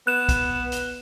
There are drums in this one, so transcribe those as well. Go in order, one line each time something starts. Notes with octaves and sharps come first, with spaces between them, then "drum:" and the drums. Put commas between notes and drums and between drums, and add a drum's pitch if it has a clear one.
B3 F#6 E7
drum: kick, hi-hat
drum: hi-hat